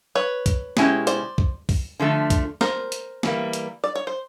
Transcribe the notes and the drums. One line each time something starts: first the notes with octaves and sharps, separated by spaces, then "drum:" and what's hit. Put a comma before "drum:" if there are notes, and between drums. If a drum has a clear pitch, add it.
B4 C#5
drum: kick B1, hi-hat
B2 G#3 C#4 E4 G4, drum: snare
C5 D5, drum: hi-hat
drum: kick B1
drum: kick B1, open hi-hat
D3 F3 A3
drum: kick B1, hi-hat
A#4 C5, drum: snare
drum: hi-hat
E3 G3 A#3, drum: snare
drum: hi-hat
D5
C#5
C5